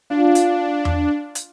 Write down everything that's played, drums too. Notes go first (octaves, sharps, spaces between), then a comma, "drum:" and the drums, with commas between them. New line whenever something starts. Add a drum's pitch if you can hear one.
D4 F4
drum: hi-hat
drum: tom E2
drum: hi-hat